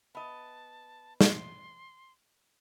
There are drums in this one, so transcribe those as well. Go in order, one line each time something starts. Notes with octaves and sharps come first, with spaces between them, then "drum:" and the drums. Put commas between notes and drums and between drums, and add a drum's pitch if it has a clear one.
B3 D#5 A5
C6, drum: snare